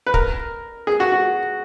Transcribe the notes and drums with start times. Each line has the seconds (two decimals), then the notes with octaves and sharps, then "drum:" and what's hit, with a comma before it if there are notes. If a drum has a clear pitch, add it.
0.07 B4
0.14 A#4, drum: kick
0.87 G#4
1.00 F#4
1.12 F#4